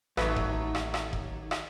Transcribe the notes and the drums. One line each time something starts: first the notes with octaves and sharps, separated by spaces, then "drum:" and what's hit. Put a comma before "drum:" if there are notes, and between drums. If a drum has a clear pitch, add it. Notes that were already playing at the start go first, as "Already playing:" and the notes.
A1 D#2 F#3 A3 B4 D#5 E5 C#6, drum: rim click
drum: kick F1
drum: rim click
drum: rim click
drum: kick F1
drum: rim click